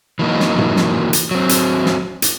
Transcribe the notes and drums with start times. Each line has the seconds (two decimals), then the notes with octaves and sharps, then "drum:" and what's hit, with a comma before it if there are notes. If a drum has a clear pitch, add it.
0.19 E3 F#3 A#3 D#4
0.40 drum: snare
0.58 drum: tom G#2
0.76 drum: snare
1.13 drum: hi-hat
1.31 F#3 C4
1.49 drum: hi-hat
1.86 drum: snare
2.22 drum: hi-hat